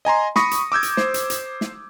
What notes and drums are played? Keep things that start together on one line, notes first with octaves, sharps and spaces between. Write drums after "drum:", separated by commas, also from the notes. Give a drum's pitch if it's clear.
D#5 G#5 A#5 C6
B5 C#6 D#6 A#6 C#7, drum: snare
drum: hi-hat
D6 E6 G6 G#6
drum: hi-hat
C5, drum: snare
drum: hi-hat
drum: hi-hat
drum: snare